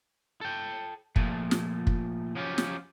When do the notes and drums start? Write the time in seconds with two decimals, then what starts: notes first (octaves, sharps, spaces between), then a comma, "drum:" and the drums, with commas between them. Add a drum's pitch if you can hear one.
0.41 A4 G5
1.16 A#2 F3 A3, drum: kick
1.51 drum: snare
1.87 drum: kick
2.35 F3 F#3 C#4 D#4 F4 G4
2.58 drum: snare